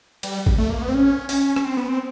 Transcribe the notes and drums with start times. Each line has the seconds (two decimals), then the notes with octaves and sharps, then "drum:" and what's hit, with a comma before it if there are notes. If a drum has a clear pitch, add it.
0.23 G3, drum: cymbal
0.46 drum: kick G#1
0.58 A3
0.70 A#3
0.82 B3
0.88 C4
0.94 C#4
1.29 C#4, drum: open hi-hat
1.56 C#4, drum: rim click
1.65 C4
1.77 B3
1.88 C4